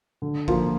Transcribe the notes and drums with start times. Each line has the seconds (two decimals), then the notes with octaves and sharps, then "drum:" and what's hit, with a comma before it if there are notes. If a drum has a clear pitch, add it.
0.22 D3
0.48 F3 A#3 F4, drum: kick